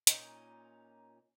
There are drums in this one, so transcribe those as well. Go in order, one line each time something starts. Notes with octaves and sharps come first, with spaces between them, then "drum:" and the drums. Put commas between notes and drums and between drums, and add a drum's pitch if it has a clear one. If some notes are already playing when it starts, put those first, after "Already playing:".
A#2 C#4 D#4, drum: hi-hat